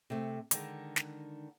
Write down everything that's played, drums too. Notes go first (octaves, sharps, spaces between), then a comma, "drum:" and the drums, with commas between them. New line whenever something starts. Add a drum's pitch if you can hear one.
C3 A3
D3 D#3 G#3, drum: hi-hat
drum: snare